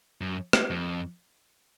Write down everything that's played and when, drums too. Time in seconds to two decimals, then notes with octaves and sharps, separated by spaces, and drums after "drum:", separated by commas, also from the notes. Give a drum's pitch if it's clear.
0.21 F#2
0.53 drum: rim click
0.70 F2